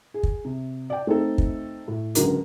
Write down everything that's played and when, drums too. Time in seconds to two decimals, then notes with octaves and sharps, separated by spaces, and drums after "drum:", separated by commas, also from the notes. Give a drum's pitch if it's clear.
0.14 G#4
0.23 drum: kick
0.45 C3
0.90 D5 G5
1.07 A3 C4 D#4 A4
1.38 drum: kick
1.88 A2
2.15 C#2 D3 F#3 F#4 A#4, drum: hi-hat